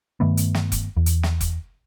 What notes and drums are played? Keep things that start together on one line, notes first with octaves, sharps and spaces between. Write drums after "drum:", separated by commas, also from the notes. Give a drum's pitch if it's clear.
G2 D#3 A3 B3
drum: hi-hat
drum: snare
drum: kick F1, hi-hat
E2
drum: hi-hat
drum: snare
drum: kick F1, hi-hat